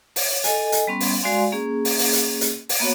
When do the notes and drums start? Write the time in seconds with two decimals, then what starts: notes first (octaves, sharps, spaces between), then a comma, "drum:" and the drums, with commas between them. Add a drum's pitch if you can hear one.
0.16 C#5, drum: open hi-hat
0.44 A4 D#5 G#5, drum: hi-hat
0.72 drum: hi-hat
0.87 G3 B3 C#4 C6
1.00 drum: open hi-hat
1.23 G#3 F#4 D5 F5 G#5 C6
1.52 A#3 C#4 G#4
1.85 drum: open hi-hat
1.99 drum: open hi-hat
2.13 drum: hi-hat
2.41 drum: hi-hat
2.69 drum: open hi-hat
2.80 A#3 B3 F#4 C#5